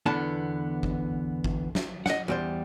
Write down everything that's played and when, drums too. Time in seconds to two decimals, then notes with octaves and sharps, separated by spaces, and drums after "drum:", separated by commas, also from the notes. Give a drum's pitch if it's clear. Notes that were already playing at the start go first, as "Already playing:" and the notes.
0.06 E2 D3 B3 E4 A5
0.83 drum: kick G1
1.44 drum: kick G1
1.75 drum: snare
2.06 D#5 F#5, drum: snare
2.28 E2 G3 C5